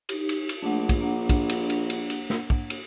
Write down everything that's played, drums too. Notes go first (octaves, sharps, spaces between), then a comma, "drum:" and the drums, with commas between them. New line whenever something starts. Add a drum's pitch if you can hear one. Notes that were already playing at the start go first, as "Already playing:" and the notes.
D#4 G4, drum: cymbal
drum: cymbal
drum: cymbal
A#1 A3 D4 F#5
drum: kick, cymbal
A#3 D4 F#5
drum: kick, cymbal
drum: cymbal
drum: cymbal
drum: cymbal
drum: cymbal
drum: snare
drum: kick
drum: cymbal